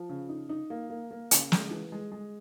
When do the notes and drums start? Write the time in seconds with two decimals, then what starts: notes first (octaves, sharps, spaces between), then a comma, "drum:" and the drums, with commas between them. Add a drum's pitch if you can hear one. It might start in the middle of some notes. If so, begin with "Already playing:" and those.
Already playing: F3
0.09 C#3
0.29 D#4
0.49 D#4
0.70 A#3
0.90 A#3
1.11 A#3
1.31 C#3, drum: hi-hat
1.52 G#3, drum: snare
1.71 E3
1.92 G#3
2.12 G#3